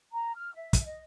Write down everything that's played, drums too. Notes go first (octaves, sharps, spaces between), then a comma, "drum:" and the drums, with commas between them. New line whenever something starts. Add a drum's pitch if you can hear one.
A#5
F6
E5
drum: kick, hi-hat
D#5